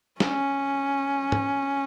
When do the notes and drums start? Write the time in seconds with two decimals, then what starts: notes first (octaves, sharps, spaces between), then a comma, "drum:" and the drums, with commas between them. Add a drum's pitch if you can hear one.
0.20 C#4, drum: snare
1.32 drum: tom